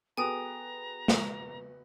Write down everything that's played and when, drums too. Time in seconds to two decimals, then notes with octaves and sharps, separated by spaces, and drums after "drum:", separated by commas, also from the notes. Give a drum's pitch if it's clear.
0.17 B3 F#4 G#4 A4 G5 G#5 A#5 D#6
1.08 drum: snare